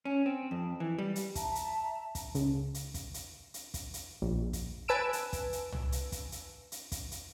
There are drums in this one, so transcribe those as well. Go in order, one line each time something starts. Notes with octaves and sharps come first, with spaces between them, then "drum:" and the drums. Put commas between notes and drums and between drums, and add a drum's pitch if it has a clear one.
C#4
C4
F2
E3
G3
drum: hi-hat
E5 A5 A#5, drum: kick, hi-hat
drum: hi-hat
drum: kick, hi-hat
C#2, drum: hi-hat
drum: hi-hat
drum: kick, hi-hat
drum: hi-hat
drum: hi-hat
drum: kick, hi-hat
drum: hi-hat
A#1
drum: kick, hi-hat
B4 G#5 A5 E6 D7 E7
drum: hi-hat
drum: kick, hi-hat
drum: hi-hat
drum: tom C2
drum: hi-hat
drum: kick, hi-hat
drum: hi-hat
drum: hi-hat
drum: kick, hi-hat
drum: hi-hat